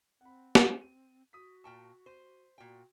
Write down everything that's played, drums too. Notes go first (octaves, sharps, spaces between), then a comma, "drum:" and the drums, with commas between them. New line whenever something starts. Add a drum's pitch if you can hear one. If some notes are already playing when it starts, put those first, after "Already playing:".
C4 F#5 B5
drum: snare
D#7
F#4 D#6 B6
A#2 G5 A5 C#6
C5 D#7
A#2 F#4 G5